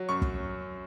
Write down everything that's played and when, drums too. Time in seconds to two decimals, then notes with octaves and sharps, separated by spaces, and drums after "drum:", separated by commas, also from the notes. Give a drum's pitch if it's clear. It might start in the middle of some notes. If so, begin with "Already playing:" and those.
Already playing: F#3
0.09 F#2 C#6
0.22 drum: kick